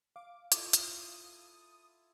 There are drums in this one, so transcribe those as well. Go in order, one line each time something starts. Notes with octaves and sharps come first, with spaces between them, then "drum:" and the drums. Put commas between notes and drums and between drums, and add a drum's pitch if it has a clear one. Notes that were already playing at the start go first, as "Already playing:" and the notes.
F5 D6
E4 F4 A4 D6 D#6, drum: hi-hat
drum: hi-hat